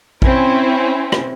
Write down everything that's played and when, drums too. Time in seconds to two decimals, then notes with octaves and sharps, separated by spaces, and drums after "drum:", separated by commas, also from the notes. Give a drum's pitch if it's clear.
0.22 C4 C#4 E4, drum: kick A#1
1.12 drum: rim click